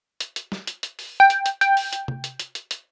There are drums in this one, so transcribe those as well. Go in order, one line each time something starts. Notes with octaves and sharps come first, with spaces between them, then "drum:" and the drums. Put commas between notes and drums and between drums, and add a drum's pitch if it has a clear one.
drum: hi-hat
drum: hi-hat
drum: snare
drum: hi-hat
drum: hi-hat
drum: open hi-hat
G5
drum: hi-hat
drum: hi-hat
G5, drum: hi-hat
drum: open hi-hat
drum: hi-hat
drum: tom C3
drum: hi-hat
drum: hi-hat
drum: hi-hat
drum: hi-hat